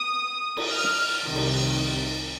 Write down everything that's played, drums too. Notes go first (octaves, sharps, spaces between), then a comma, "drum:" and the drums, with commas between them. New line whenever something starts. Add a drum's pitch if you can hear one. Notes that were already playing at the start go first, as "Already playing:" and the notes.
Already playing: D#6
drum: cymbal
F6
drum: snare
C2 C3 D#3
drum: cymbal